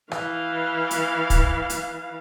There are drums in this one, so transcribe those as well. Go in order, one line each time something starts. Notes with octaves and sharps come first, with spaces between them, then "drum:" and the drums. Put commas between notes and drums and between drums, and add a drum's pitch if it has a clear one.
E3 F5, drum: rim click
drum: hi-hat
drum: kick, hi-hat
drum: hi-hat